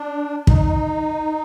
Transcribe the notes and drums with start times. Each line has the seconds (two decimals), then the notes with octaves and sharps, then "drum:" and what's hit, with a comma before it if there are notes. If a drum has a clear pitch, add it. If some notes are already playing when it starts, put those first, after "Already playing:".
Already playing: D4
0.47 D#4, drum: kick